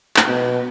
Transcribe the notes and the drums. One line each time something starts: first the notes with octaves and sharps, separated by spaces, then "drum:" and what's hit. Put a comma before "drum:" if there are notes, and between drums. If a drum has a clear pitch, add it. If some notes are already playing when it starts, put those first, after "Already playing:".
drum: clap
B2